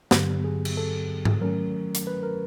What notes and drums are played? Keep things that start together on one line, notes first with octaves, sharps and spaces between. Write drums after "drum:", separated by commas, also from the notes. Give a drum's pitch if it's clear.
G2 D3 F#3 B3 G4, drum: snare
G#4
drum: cymbal
A4
drum: tom G#2
D#3 F#3 A3 C#4 A#4
drum: hi-hat
B4
A#4